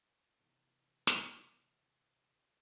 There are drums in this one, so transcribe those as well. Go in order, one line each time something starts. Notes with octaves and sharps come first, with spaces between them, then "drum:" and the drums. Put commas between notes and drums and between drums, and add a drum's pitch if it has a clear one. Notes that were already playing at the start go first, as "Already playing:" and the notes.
C3 E3 B3 D#4
drum: snare